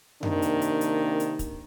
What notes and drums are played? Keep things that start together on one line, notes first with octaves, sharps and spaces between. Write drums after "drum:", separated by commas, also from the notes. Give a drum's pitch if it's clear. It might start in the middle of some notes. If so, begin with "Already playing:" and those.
C3 D#3 A#3 D4, drum: tom F#2
drum: hi-hat
drum: hi-hat
drum: hi-hat
drum: hi-hat
drum: kick, hi-hat